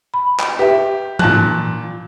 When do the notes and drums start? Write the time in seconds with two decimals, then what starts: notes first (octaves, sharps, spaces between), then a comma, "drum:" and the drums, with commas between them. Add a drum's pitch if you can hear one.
0.14 B5
0.40 drum: clap
0.59 G4 B4 E5
1.19 A#2 A5 F#6, drum: tom E3